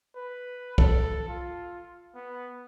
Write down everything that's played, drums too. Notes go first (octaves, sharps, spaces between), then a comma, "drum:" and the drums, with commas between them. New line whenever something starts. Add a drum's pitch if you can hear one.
B4
A4, drum: kick B1
F4
B3